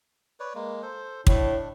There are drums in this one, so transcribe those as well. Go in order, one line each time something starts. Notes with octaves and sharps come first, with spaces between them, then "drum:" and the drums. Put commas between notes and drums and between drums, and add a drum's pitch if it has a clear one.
B4 C#5 D5
G#3 A#3
A4 C5
A2 D4, drum: kick